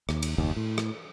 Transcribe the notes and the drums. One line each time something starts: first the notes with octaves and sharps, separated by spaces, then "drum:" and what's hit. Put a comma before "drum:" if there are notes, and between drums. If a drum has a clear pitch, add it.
D#2, drum: rim click
drum: cymbal
F#1 D#2
A2
drum: rim click